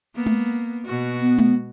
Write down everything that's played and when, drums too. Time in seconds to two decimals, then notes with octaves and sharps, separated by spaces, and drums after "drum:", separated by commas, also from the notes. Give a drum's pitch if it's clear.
0.15 A#3 B3
0.26 drum: tom G#3
0.85 B2 F#4
1.19 B3
1.39 drum: tom G#3